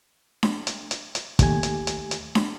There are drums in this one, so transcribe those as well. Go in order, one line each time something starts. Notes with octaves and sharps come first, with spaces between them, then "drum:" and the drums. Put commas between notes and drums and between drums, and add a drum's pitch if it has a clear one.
drum: snare D4
drum: hi-hat
drum: hi-hat
drum: hi-hat
D#2 A3 G4 G#5, drum: kick, hi-hat
drum: hi-hat
drum: hi-hat
drum: hi-hat
drum: snare D4